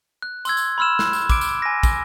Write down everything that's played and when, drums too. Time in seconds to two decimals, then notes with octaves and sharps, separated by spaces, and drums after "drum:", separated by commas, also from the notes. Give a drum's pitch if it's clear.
0.22 F#6
0.45 C6 E6 G#6, drum: tambourine
0.57 drum: tambourine
0.78 B5 C6 E6 F6 E7
0.99 F#6, drum: snare
1.13 drum: tambourine
1.30 D6 D7, drum: kick, tambourine
1.41 drum: tambourine
1.62 G#5 A#6
1.83 drum: kick, tambourine